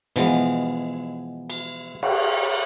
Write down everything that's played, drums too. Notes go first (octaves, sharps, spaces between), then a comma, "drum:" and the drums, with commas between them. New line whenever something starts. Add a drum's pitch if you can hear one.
B2 E3 F3 G#3 B3, drum: cymbal
drum: cymbal
drum: cymbal